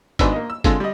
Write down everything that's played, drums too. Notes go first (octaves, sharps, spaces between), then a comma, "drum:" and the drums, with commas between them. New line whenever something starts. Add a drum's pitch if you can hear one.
G#1 G#2 B3 D4 E6, drum: kick G1, hi-hat
A#3 D#5
E6
D3 G#3 C4 F4 A4, drum: kick G1, hi-hat
G3 D#5